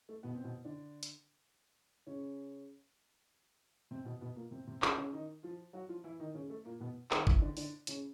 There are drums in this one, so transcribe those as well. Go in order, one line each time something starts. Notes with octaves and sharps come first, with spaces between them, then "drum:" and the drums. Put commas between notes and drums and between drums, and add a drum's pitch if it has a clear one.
A3
B2 B3
C4
B2 B3
D3 D4
drum: hi-hat
C#3 C#4
C3 C4
B2 B3
B2 B3
A#2 A#3
C3 C4
C3 C4
C#3 C#4, drum: clap
C#3 C#4
D#3 D#4
F3 F4
F#3 F#4
F3 F4
E3 E4
D#3 D#4
C#3 C#4
A3
A#2 A#3
B2 B3
D#3 D#4, drum: clap
E3 E4, drum: kick
D3 D4
D3 D4, drum: open hi-hat
C#3 C#4, drum: hi-hat